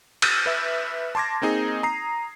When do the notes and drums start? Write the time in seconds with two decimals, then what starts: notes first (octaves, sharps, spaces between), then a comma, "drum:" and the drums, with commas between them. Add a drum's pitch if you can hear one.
0.22 E6 F6 G6 A6 A#6 D#7, drum: cymbal
0.46 B4 E5 E6
1.15 A5 C6 D6 G#6 A#6
1.42 A#3 C4 D#4 G#4
1.83 A#5 D#6 C7